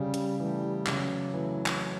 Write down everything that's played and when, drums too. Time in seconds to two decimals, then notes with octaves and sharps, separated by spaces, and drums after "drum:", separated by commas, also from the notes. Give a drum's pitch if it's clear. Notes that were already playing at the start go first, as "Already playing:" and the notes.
Already playing: C#3 G3
0.14 drum: hi-hat
0.40 E3 G3 A3
0.87 C#3 F#3, drum: clap
1.34 E3 A3
1.66 drum: clap